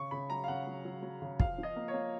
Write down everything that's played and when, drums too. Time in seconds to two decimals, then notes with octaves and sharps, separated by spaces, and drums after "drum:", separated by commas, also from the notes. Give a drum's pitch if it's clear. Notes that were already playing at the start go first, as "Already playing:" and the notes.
Already playing: C#3 C#6
0.11 C#3 B5
0.30 F#3 A#5
0.44 F5
0.48 C#3 F#5
0.67 F#3
0.85 F#3
1.03 F#3
1.22 C#3
1.40 F3 F5, drum: kick
1.58 F3 D#5
1.76 A#3
1.88 C#5
1.94 A#3